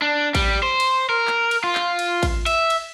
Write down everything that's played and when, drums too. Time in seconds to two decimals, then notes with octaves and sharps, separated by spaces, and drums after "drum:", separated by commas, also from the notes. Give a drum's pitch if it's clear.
0.02 D4
0.35 G3, drum: kick A1, cymbal
0.63 C5
0.80 drum: cymbal
1.09 A#4
1.27 drum: clap
1.51 drum: cymbal
1.64 F4
1.75 drum: clap
1.99 drum: cymbal
2.23 drum: kick A1, cymbal
2.46 E5, drum: cymbal
2.70 drum: cymbal